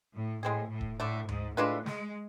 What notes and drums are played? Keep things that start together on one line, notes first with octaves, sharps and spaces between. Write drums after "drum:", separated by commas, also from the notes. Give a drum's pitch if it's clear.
A2
A2 G#3 C4 G#4
A2
drum: kick D#1
A2 D3 A3 D4
G#2, drum: tom D2
A2 G#3 D4 F4 B4
G#3, drum: snare